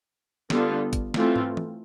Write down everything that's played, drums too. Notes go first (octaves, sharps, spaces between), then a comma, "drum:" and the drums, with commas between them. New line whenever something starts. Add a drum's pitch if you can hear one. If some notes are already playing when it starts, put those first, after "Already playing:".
D3 G3 B3 F4 A4, drum: snare
drum: kick, hi-hat
E3 A3 C4 F4, drum: snare
drum: tom
drum: tom E3